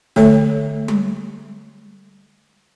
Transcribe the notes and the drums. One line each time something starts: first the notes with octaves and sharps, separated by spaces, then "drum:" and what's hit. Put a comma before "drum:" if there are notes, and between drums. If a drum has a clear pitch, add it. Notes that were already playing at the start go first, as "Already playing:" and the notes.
D3 A3 A4 C#5 E5, drum: snare
drum: tom G3